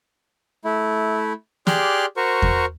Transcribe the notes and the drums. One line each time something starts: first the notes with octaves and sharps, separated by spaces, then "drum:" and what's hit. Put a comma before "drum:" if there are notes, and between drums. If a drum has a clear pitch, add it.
A3 E4
G4 G#4 D5 C6 F6 F#6, drum: snare
F#4 A#4 C5 C#6
drum: kick E2